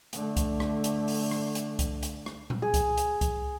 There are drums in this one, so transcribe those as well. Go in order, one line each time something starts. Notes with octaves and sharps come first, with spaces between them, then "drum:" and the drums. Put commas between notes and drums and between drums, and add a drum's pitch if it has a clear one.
D3 A3, drum: hi-hat
drum: kick C2, hi-hat
drum: rim click
drum: hi-hat
drum: open hi-hat
drum: rim click
drum: hi-hat
drum: kick C2, hi-hat
drum: hi-hat
drum: rim click
drum: tom A#2
G#4
drum: kick C2, hi-hat
drum: hi-hat
drum: kick C2, hi-hat